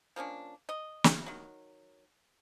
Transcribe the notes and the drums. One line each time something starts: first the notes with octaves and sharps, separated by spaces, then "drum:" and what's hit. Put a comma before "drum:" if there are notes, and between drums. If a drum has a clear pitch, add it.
F3 A#3 C#4 D4
D#5
drum: snare
D#3 F#3